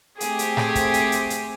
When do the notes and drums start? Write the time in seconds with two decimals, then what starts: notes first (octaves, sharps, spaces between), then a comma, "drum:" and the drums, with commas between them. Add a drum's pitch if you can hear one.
0.20 A3 C4 G4 G#4, drum: hi-hat
0.39 drum: hi-hat
0.57 drum: snare
0.75 drum: kick, hi-hat
0.94 drum: hi-hat
1.12 drum: hi-hat
1.30 drum: hi-hat